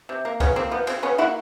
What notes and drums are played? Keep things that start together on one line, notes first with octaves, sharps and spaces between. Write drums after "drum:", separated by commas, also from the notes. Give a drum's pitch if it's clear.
C3
A#3
C#3 B3 C#4, drum: kick C2, cymbal
A#3 C4
F3 B3
C#3 C4, drum: cymbal
C#3 B3 C#4
A#3 E4 F#4